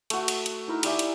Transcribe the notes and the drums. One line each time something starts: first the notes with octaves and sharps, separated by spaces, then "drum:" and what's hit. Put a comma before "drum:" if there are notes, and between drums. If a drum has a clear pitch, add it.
A3 F#4, drum: cymbal
drum: cymbal
drum: cymbal
D#4 E4 A#4
G4 D5 E5 G#5, drum: cymbal
drum: cymbal